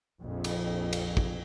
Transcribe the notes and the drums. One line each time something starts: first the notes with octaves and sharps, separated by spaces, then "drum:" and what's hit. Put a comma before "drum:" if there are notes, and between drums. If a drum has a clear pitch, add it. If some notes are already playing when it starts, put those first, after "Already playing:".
A#1 F2
drum: cymbal
drum: cymbal
drum: kick